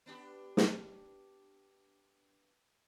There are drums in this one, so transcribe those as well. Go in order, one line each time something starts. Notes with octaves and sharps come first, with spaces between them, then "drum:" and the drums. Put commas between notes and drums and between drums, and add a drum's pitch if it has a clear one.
B3 D4 G4
drum: snare